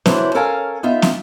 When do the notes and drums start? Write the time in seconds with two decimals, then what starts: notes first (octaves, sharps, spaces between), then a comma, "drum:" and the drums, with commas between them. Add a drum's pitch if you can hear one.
0.06 C#3 E3 F#3 D4 E4 C5, drum: snare
0.35 C#4 A4 A#4 F5 G#5
0.83 B3 D#4 F4 E5
1.02 drum: snare